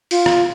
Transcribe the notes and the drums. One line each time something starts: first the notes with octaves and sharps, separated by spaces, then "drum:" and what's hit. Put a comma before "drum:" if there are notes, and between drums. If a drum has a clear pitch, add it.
F4, drum: open hi-hat
drum: rim click